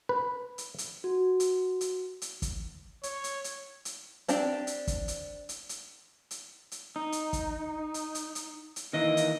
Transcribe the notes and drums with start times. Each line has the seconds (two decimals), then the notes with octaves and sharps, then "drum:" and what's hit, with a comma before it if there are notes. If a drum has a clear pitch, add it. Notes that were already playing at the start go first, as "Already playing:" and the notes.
0.09 B4
0.58 drum: hi-hat
0.78 drum: hi-hat
1.04 F#4
1.40 drum: hi-hat
1.81 drum: hi-hat
2.22 drum: hi-hat
2.42 drum: kick, hi-hat
3.03 C#5, drum: hi-hat
3.24 drum: hi-hat
3.44 drum: hi-hat
3.85 drum: hi-hat
4.28 C4 D4 G4 G5, drum: hi-hat
4.67 drum: hi-hat
4.87 drum: kick, hi-hat
5.08 drum: hi-hat
5.49 drum: hi-hat
5.69 drum: hi-hat
6.31 drum: hi-hat
6.72 drum: hi-hat
6.96 D#4
7.12 drum: hi-hat
7.33 drum: kick, hi-hat
7.94 drum: hi-hat
8.15 drum: hi-hat
8.35 drum: hi-hat
8.76 drum: hi-hat
8.93 D#3 E3 A#3 D#5
9.17 drum: hi-hat